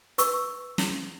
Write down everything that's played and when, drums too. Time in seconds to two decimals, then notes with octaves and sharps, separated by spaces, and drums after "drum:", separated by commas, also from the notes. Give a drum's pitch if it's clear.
0.18 B4 C#6 E6, drum: hi-hat
0.78 drum: snare